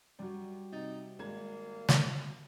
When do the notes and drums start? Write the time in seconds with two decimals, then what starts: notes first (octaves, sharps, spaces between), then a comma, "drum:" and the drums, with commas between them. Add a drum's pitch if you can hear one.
0.19 F#2 G3 F#4
0.72 C3 D#4 A6
1.19 G#1 G#3 A#3 G#6
1.89 drum: snare